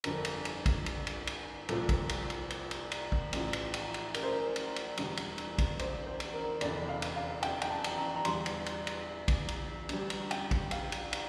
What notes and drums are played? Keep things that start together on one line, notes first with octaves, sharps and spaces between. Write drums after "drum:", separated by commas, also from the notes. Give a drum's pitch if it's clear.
G1 F2 D3 A#4, drum: cymbal
drum: cymbal
drum: cymbal
drum: kick, cymbal
drum: cymbal
drum: cymbal
drum: cymbal
C2 A#2 F3 A4, drum: cymbal
drum: kick, cymbal
drum: cymbal
drum: cymbal
drum: cymbal
drum: cymbal
drum: cymbal
drum: kick
A1 A2 F3, drum: cymbal
drum: cymbal
drum: cymbal
drum: cymbal
A#4, drum: cymbal
C5
A#4
drum: cymbal
drum: cymbal
E1 D2 D3 G3, drum: cymbal
drum: cymbal
drum: cymbal
drum: kick, cymbal
C5, drum: cymbal
C5
drum: cymbal
A#4
F1 E2 D3 D5, drum: cymbal
F5
drum: cymbal
F5
G5, drum: cymbal
G5, drum: cymbal
A5
drum: cymbal
A#5
A#5
E2 D3 G3 C6, drum: cymbal
drum: cymbal
drum: cymbal
drum: cymbal
drum: kick, cymbal
drum: cymbal
D2 D3 G3, drum: cymbal
drum: cymbal
G5, drum: cymbal
drum: kick, cymbal
F5, drum: cymbal
drum: cymbal
drum: cymbal